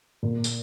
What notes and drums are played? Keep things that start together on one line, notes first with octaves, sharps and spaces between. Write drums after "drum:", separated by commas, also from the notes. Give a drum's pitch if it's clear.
A#2
drum: tambourine